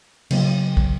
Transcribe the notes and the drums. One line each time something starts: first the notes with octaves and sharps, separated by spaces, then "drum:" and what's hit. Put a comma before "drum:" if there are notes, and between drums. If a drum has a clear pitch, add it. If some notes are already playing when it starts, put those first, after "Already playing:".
C#3 F#3 B3, drum: cymbal
drum: kick